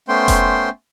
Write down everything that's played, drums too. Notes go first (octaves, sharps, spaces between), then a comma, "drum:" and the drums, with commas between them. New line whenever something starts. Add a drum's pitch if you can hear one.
A3 B3 C#4 C5 G5 C6
drum: kick F1, hi-hat